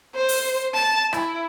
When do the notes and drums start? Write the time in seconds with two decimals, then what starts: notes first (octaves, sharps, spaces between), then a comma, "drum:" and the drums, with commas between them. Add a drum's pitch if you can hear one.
0.15 C5
0.29 drum: open hi-hat
0.74 A5
1.13 E4, drum: rim click